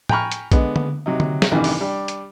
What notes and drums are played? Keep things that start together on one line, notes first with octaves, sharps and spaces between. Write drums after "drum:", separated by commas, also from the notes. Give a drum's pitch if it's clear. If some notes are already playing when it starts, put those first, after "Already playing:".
G5 G#5 A#5 B5 C#6 F6, drum: tom A2
drum: hi-hat
D3 G#3 B3, drum: kick A#1, hi-hat
drum: tom D3
C3 F#3 D#4
drum: tom D3
drum: snare
A1 G2 C3 D#3 E3
drum: open hi-hat
G3 D4 G4
drum: hi-hat